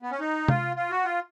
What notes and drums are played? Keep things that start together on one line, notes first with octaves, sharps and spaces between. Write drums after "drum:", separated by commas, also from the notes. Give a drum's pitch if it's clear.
B3
C#4
D#4
F4, drum: tom C3
F4
F#4
F4